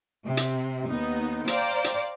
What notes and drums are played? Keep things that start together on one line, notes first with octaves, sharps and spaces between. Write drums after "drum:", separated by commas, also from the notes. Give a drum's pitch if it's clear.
C3
drum: hi-hat
D#2 B3 D#4
C5 D5 F5 G5 A#5 D6, drum: hi-hat
drum: hi-hat